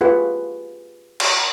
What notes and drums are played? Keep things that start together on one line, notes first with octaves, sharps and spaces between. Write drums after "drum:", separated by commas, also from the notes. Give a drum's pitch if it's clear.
F4 G4 G#4 B4 F#5
drum: cymbal